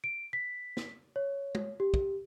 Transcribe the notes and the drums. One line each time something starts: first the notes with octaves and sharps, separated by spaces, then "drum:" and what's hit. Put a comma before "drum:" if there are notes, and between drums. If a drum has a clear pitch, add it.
D7
B6
drum: snare
C#5
drum: tom
G4
drum: kick